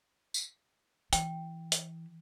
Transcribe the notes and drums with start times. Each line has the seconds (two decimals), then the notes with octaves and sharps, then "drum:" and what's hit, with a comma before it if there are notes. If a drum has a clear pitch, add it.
0.34 drum: tambourine
1.13 E3 G5, drum: hi-hat
1.72 drum: hi-hat